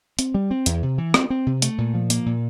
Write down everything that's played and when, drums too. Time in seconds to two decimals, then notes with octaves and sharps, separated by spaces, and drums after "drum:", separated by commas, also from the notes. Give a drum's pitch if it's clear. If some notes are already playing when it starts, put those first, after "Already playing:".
0.19 C4, drum: hi-hat
0.34 G3
0.51 C4
0.66 E2, drum: hi-hat
0.83 C3
0.98 E3
1.14 C4, drum: rim click
1.30 C4
1.47 C3
1.62 A3, drum: hi-hat
1.78 A#2
1.94 F3
2.10 A#3, drum: hi-hat
2.26 A#2